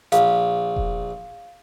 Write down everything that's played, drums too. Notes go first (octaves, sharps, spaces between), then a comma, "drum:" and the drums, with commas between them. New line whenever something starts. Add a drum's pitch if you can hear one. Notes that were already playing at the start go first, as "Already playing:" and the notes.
A#1 F5, drum: hi-hat
drum: kick E1